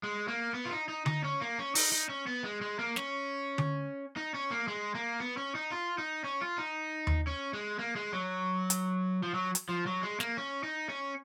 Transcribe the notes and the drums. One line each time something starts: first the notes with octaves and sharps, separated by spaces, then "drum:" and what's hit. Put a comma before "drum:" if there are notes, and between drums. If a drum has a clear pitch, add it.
G#3
A#3
B3
F4
D#4
D#4
D#4, drum: tom D3
C#4
A#3
C#4
D#4, drum: open hi-hat
D#4
C#4
B3
G#3
G#3
A#3
C#4, drum: snare
drum: tom D3
D#4
C#4
A#3
G#3
A#3
B3
C#4
D#4
F4
D#4
C#4
F4
D#4
drum: tom D#2
C#4
G#3
A#3
G#3
F#3
drum: hi-hat
F3
F#3
drum: hi-hat
F3
F#3
G#3
A#3, drum: snare
C#4
D#4
C#4